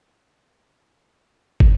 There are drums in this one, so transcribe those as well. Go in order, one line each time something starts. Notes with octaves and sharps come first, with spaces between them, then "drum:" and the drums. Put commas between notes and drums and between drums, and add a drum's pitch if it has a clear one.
G#6
D4
F#6
F5
B1
drum: kick